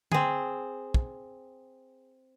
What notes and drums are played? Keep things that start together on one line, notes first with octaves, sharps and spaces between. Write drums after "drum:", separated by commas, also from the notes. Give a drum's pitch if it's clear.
C4 G#4, drum: tom
drum: kick